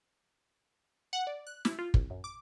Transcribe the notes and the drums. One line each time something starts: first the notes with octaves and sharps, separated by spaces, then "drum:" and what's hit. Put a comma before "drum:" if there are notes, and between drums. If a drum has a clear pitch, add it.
F#5
D5
F#6
E4, drum: snare
F4
C2, drum: kick
F#2
D6